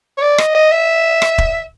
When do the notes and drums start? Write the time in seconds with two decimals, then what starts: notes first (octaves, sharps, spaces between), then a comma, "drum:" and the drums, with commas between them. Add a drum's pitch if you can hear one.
0.18 C#5
0.22 D5
0.38 D#5, drum: rim click
0.55 D#5
0.72 E5
1.22 drum: rim click
1.38 drum: kick